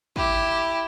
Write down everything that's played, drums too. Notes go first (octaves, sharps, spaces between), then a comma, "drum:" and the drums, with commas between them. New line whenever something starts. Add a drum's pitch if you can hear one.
E4 G4, drum: kick